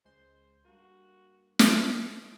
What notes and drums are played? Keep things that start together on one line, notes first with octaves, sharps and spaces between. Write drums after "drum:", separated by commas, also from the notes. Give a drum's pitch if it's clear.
C#2 G#3 C5 C6
G2 A#3 F#4
E3, drum: snare
A4 C5 D#5